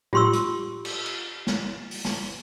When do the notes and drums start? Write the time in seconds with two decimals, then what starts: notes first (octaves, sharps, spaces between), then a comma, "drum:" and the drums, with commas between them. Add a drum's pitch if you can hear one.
0.13 F4 G4 C6 C#6 E6, drum: tom A2
0.33 drum: hi-hat
0.85 drum: cymbal
1.06 drum: cymbal
1.47 drum: snare
1.91 drum: open hi-hat
2.05 drum: snare